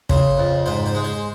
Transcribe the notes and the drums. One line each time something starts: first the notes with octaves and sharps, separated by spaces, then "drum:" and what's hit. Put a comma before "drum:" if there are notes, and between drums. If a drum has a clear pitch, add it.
C#3 C5, drum: kick
F2
G#2 C5
C5
G#3
C5